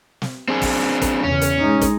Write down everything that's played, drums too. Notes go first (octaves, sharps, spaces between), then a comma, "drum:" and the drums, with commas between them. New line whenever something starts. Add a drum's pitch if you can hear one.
drum: snare
C4 D4 G#4
drum: kick, open hi-hat
drum: kick, hi-hat
E2 C#3 C#4
drum: hi-hat
G#3 D#4
drum: kick, hi-hat